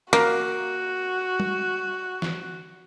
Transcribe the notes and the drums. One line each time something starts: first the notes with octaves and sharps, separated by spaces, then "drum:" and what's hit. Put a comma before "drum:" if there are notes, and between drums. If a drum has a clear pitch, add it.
A#3 F#4, drum: rim click
drum: tom
drum: snare